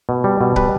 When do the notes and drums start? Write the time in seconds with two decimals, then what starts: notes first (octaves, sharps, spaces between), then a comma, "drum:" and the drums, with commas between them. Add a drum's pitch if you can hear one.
0.09 B2
0.24 G3
0.41 B2
0.56 G3 B4, drum: kick